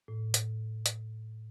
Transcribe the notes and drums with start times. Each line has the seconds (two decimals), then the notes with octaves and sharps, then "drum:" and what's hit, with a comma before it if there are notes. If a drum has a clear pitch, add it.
0.08 A2
0.34 drum: hi-hat
0.86 drum: hi-hat